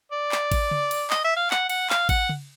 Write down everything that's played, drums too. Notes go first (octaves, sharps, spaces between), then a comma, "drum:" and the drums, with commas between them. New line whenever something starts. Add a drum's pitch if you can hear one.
D5
drum: clap
drum: kick A1, cymbal
drum: tom C#3
drum: cymbal
D#5, drum: clap
E5
F5
F#5, drum: clap
F#5, drum: cymbal
F5, drum: clap
F#5, drum: kick A1, cymbal
drum: tom C#3